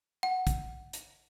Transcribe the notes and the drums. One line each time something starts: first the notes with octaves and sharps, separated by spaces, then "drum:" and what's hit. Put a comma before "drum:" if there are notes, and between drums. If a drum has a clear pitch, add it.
F#5
drum: kick, hi-hat
drum: hi-hat